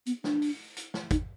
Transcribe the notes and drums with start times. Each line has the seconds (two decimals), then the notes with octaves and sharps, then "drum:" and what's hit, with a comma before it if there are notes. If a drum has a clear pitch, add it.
0.06 B3, drum: hi-hat
0.24 D4, drum: snare
0.42 drum: open hi-hat
0.77 drum: hi-hat
0.94 drum: snare
1.11 D#4, drum: kick, hi-hat